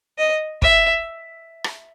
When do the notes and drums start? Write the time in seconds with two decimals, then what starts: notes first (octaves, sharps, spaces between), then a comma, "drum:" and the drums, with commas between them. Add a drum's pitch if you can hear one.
0.18 D#5
0.62 E5, drum: kick
1.64 drum: rim click